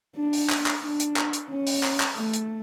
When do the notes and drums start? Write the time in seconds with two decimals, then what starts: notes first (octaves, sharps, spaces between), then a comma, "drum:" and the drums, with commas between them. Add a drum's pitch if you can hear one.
0.17 D4
0.33 drum: open hi-hat
0.50 drum: clap
0.66 drum: clap
0.83 D4
1.00 drum: hi-hat
1.17 drum: clap
1.33 drum: hi-hat
1.50 C#4
1.67 drum: open hi-hat
1.83 drum: clap
2.00 drum: clap
2.17 A3
2.33 drum: hi-hat